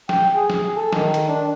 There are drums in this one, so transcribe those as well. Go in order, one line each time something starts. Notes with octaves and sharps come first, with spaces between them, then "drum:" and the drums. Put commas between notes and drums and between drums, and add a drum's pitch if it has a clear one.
G5, drum: snare
G#4
drum: snare
A4
D#3, drum: snare
drum: hi-hat
D4